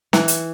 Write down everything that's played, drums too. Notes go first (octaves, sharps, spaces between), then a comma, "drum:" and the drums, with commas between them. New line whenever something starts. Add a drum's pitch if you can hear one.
E3, drum: snare
drum: hi-hat